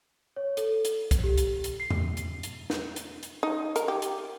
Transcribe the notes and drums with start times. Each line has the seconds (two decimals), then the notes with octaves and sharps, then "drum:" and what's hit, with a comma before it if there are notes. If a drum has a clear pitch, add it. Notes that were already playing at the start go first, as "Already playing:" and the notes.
0.36 C#5
0.57 A4, drum: hi-hat
0.85 drum: hi-hat
1.11 drum: kick C2, hi-hat
1.23 G4
1.38 drum: hi-hat
1.64 drum: hi-hat
1.80 C7
1.90 drum: tom E2
2.17 drum: hi-hat
2.43 drum: hi-hat
2.70 drum: snare
2.96 drum: hi-hat
3.23 drum: hi-hat
3.43 D#4
3.76 A#4, drum: hi-hat
3.88 G4
4.02 drum: hi-hat